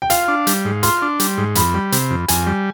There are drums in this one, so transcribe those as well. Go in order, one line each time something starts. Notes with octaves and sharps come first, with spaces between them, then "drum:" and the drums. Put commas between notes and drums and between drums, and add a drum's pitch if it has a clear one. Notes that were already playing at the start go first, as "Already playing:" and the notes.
G5
F4 F5, drum: hi-hat
D4
G3, drum: hi-hat
G#2
F4 C6, drum: hi-hat
D4
G3, drum: hi-hat
G#2
F2 B5, drum: hi-hat
G3
C3, drum: hi-hat
F2
F2 G#5, drum: hi-hat
G3